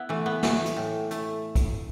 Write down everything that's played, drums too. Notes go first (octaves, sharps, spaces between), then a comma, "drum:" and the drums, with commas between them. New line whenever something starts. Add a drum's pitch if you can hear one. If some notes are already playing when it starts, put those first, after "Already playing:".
Already playing: B3 E4
E3 A3
B3
E3 A3, drum: snare
drum: hi-hat
A2
A3, drum: hi-hat
drum: kick, hi-hat